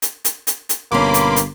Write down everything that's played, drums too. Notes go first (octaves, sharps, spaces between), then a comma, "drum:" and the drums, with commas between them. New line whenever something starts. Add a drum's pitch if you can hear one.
drum: hi-hat
drum: hi-hat
drum: hi-hat
drum: hi-hat
G1 B2 A#3 C#4 B5 C6 D6
drum: hi-hat
drum: hi-hat